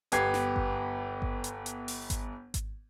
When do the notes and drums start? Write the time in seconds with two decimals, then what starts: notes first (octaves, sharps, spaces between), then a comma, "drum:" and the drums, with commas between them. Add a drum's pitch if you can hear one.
0.12 G1 B3 G4 G#6 C7, drum: hi-hat
0.34 drum: snare
0.56 drum: kick G#1
1.22 drum: kick G#1
1.44 drum: hi-hat
1.66 drum: hi-hat
1.88 drum: open hi-hat
2.10 drum: kick G#1, hi-hat
2.54 drum: kick G#1, hi-hat